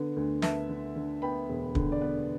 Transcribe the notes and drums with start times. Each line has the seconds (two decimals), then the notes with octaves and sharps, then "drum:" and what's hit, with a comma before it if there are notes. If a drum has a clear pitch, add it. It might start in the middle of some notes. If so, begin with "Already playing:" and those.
Already playing: D3 B3
0.16 D2
0.42 B3 E5 A5, drum: snare
0.69 D3
0.96 D3
1.22 B3 G5 B5
1.49 E1
1.75 D3, drum: kick
1.92 D5
2.01 B3 B4